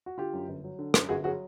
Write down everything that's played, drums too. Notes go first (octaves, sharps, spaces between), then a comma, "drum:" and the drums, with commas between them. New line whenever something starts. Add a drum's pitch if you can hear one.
F#4
D3 F4 G4
F#2
G1
F#3
D3
F#2, drum: rim click
G1 F#4 G#4
F#3 F#4 G#4